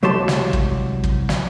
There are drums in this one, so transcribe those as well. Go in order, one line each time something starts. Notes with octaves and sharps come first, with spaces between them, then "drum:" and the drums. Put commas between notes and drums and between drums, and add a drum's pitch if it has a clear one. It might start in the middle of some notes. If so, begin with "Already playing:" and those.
C2 F#3 G#3 G4 A5 C6
drum: snare
drum: kick
drum: kick
drum: snare